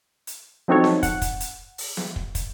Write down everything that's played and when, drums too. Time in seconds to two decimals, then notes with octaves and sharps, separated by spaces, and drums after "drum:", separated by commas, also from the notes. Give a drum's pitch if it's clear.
0.27 drum: hi-hat
0.68 F3 C4 D#4 F#4 A4 C#5
0.84 drum: snare
1.03 F#5, drum: kick, hi-hat
1.22 drum: kick, hi-hat
1.40 drum: hi-hat
1.78 drum: open hi-hat
1.97 drum: snare
2.16 drum: kick
2.35 drum: kick, hi-hat